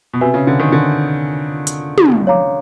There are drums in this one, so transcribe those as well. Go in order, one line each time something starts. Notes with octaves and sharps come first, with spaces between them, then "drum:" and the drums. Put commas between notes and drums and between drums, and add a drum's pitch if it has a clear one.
B2
C3 F#4 B4 E5 G#5
C#3
D3
D#3
D3
drum: hi-hat
drum: tom
C#5 F5 A#5 D6